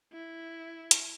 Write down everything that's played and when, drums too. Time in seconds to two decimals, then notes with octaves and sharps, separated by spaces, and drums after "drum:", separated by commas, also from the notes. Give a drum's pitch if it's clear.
0.13 E4
0.91 drum: hi-hat